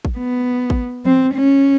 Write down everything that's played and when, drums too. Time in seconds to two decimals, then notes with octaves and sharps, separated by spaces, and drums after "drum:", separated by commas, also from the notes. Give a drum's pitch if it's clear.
0.05 drum: kick
0.17 B3
0.70 drum: kick
1.05 C4, drum: tom E3
1.34 C#4